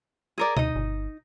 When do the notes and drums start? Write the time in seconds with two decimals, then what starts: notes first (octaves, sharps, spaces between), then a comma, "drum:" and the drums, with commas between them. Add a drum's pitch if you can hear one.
0.38 G#4 A#4 D5
0.57 D2 D#4 D#5, drum: tom B2
0.76 G1